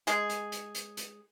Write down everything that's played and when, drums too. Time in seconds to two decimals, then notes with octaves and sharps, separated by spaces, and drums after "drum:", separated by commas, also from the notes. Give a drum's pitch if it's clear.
0.07 G#3 G#4, drum: hi-hat
0.30 drum: hi-hat
0.52 drum: hi-hat
0.75 drum: hi-hat
0.97 drum: hi-hat